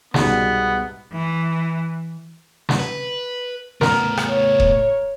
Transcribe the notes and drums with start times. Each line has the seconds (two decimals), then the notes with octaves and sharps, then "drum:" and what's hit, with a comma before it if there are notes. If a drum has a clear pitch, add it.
0.14 C2 G#2 B2 B3, drum: snare
1.12 E3
2.69 drum: snare
2.79 B4
3.81 A2 B3 A#4, drum: snare
4.17 drum: rim click
4.28 C#5
4.60 drum: kick D#1